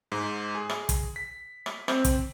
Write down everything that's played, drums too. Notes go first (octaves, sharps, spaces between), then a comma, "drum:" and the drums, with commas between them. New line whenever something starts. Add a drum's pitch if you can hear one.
G#2
G#4
drum: rim click
drum: kick, hi-hat
B6
drum: rim click
C4, drum: rim click
drum: kick, hi-hat